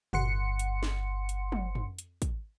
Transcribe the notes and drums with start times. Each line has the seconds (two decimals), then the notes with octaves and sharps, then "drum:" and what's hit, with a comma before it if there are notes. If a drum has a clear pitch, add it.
0.13 G1 F#5 C6 C#7, drum: tom
0.59 drum: hi-hat
0.83 drum: snare
1.29 drum: hi-hat
1.52 drum: tom
1.75 drum: tom
1.98 drum: hi-hat
2.22 drum: kick, hi-hat